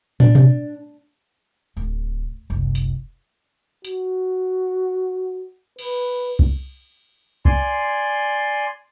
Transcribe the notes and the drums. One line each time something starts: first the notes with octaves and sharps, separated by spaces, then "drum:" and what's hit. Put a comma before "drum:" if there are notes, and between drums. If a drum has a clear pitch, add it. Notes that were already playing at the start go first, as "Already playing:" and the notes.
D4, drum: tom
drum: tom B2
D1
F#1 C2
drum: hi-hat
F#4, drum: hi-hat
B4, drum: cymbal
drum: kick C2
D5 G#5 C6, drum: kick C2